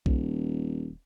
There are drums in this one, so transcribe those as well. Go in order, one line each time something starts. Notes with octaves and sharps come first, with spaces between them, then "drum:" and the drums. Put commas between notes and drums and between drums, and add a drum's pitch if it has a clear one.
D#1, drum: kick B1